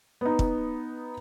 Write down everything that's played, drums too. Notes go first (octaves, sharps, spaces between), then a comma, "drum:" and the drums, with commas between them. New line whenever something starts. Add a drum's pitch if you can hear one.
B3 D#4
drum: kick